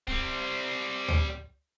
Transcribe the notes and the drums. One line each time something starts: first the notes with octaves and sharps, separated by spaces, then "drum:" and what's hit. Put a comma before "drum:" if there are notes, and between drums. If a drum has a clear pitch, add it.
G3 C4, drum: kick
drum: tom D2